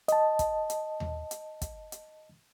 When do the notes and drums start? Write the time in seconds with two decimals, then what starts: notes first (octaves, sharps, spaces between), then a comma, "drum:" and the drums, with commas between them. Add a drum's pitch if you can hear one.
0.08 D#5 A5, drum: hi-hat
0.39 drum: kick, hi-hat
0.70 drum: hi-hat
1.00 drum: tom D#2
1.31 drum: hi-hat
1.62 drum: kick, hi-hat
1.92 drum: hi-hat